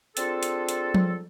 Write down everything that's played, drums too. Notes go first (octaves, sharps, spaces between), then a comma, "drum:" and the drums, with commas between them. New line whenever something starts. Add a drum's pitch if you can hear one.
C4 D4 F4 G#4 A4, drum: hi-hat
drum: hi-hat
drum: hi-hat
drum: tom F3